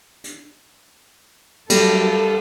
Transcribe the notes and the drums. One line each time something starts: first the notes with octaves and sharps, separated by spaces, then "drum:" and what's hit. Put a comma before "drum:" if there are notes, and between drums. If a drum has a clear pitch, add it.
drum: hi-hat
F#3 G3 A3 A4, drum: cymbal